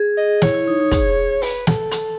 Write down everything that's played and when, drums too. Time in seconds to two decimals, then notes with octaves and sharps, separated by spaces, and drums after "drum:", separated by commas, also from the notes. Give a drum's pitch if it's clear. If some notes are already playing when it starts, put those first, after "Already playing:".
Already playing: G#4
0.17 D#5
0.42 E4 C#5, drum: snare
0.54 E4
0.67 D#4
0.80 D#4
0.91 G#4, drum: kick, hi-hat
1.42 B4, drum: open hi-hat
1.67 A4, drum: snare
1.91 drum: hi-hat